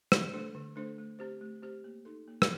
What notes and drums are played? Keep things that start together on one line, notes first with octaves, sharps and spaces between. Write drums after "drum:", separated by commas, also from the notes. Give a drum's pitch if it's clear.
D3, drum: rim click
A3 D4 A4 C5
D3
A3 D4 A4 C5
A3
C4 G4 C5
A3
C4 G4 C5
A#3
D#4 A4
A#3
drum: rim click